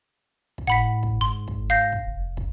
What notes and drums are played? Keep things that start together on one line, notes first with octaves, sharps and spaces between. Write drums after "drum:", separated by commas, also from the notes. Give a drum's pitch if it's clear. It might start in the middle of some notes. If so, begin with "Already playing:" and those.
drum: kick
A2 F#5 B5 B6
drum: kick
G#2 C6
drum: kick
F5 G6 A#6
drum: kick
F1
drum: kick